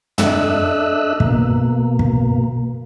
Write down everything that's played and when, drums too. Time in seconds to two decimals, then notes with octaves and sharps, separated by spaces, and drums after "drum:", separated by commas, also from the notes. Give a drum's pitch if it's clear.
0.18 D4 A4 D#5 E5 E6 F#6, drum: tom
1.20 B2 A#3, drum: kick
1.99 drum: kick